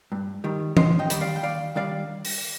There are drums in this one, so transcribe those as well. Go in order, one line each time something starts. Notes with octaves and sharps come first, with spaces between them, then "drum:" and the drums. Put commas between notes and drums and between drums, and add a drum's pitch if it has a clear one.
G2
D#3 G3
D#2 C5 D#5, drum: tom E3
D#5 G5
D#3 G3 D4, drum: hi-hat
D5 F5
G5
D#2 D5 F5
D#3 G3 D4 D5 F5
drum: open hi-hat